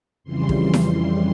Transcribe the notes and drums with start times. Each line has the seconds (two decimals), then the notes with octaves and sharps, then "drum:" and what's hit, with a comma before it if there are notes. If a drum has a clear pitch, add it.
0.24 F2 C#3 E3 G3 C6
0.49 drum: kick
0.74 drum: snare E4